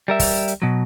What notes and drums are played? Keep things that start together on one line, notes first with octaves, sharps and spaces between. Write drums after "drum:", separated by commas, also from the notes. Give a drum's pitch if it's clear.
G3 A#4 E5
drum: kick, open hi-hat
drum: hi-hat
B2 F#3